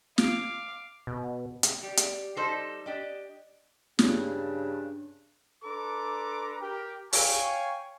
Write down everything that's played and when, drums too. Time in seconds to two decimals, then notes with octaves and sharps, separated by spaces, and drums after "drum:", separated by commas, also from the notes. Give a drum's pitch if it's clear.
0.18 F5 D6, drum: snare
1.07 B2
1.63 drum: hi-hat
1.83 G3 G4
1.97 drum: hi-hat
2.37 G3 D#4 A4 C5
2.86 D4 G4 D#5
3.99 G2 C#3 D4, drum: snare
5.64 D4 A4 B4 A#5 C6 D6
6.61 G4 A#4 G5
7.13 C#5 F5 G5 G#5 C#6, drum: open hi-hat